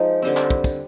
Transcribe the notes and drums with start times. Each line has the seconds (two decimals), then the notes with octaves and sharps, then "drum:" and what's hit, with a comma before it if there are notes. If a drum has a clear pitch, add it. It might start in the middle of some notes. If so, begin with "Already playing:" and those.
Already playing: F3 G#3 D#4
0.22 D3 G3 C4
0.37 drum: clap
0.50 drum: kick
0.64 drum: kick, tambourine